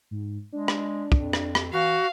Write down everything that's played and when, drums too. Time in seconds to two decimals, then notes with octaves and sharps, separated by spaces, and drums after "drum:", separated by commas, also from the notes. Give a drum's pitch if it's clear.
0.11 G#2
0.53 G#3 D4
0.68 drum: rim click
1.12 F2, drum: kick
1.33 drum: rim click
1.55 drum: rim click
1.73 E3 F#4 F5